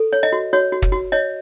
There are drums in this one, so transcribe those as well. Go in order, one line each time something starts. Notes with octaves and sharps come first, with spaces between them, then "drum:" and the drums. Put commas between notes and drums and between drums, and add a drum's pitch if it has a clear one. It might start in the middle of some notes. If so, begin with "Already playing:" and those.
Already playing: A4
C#5
D#5
F#4
F#4 C#5
F#4
drum: kick
F#4
C#5 D#5